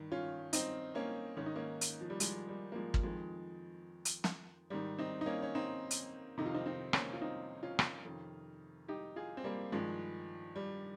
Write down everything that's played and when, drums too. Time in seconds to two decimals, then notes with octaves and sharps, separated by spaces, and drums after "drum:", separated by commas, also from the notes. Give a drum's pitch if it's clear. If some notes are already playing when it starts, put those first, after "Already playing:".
Already playing: G2 D#3
0.12 C#4 F4
0.53 C4 D#4, drum: hi-hat
0.95 A#3 C#4
1.37 G#2 D#3 C#4
1.46 D#4
1.56 A#3 C#4
1.81 drum: hi-hat
2.01 F3
2.10 G3
2.20 F3 G#3, drum: hi-hat
2.49 G3
2.72 A#3
2.76 F3 G#3
2.94 drum: kick
3.03 F2 D#3 F3 G#3
4.05 drum: hi-hat
4.24 drum: snare
4.70 G#2 D#3 G3
4.99 C4 D#4
5.21 D#4
5.26 A#3 C#4
5.42 C#4
5.55 C4 D#4
5.91 drum: hi-hat
6.38 F2 C3 D#3 D#4
6.46 F4
6.54 C4 D#4
6.66 C4 D#4
6.93 A#3 C#4, drum: rim click
7.13 F4
7.22 C4 D#4
7.63 C#4 F4
7.79 drum: rim click
8.05 F2 C3 D#3
8.88 D#4 G4
9.16 F4 G#4
9.37 C4
9.44 G3 A#3
9.72 G2 D#3 F3 G#3
10.56 G3